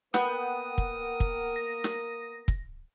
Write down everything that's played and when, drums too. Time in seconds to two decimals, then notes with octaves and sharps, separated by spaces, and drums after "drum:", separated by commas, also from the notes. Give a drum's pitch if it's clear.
0.14 A#3 B3 A#4 F#5 G5 D#6, drum: snare
0.78 drum: kick
1.20 drum: kick
1.56 A#6
1.84 drum: snare
2.48 drum: kick